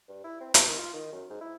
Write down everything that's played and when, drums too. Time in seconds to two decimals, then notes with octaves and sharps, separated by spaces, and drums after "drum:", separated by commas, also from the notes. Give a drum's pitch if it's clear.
0.08 G2
0.24 E4
0.40 C4
0.54 E3, drum: hi-hat
0.67 D#3
0.78 F4
0.94 D#3
1.12 F#2
1.30 G#2
1.41 E4